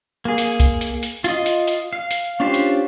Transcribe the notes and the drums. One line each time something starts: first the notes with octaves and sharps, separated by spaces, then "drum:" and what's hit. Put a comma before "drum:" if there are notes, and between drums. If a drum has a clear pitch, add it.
A#3 G#4
drum: hi-hat
drum: kick C2, hi-hat
drum: hi-hat
drum: hi-hat
F4 D#5, drum: hi-hat
drum: hi-hat
drum: hi-hat
F5
drum: hi-hat
C#4 D4 F4 G4 C5
drum: hi-hat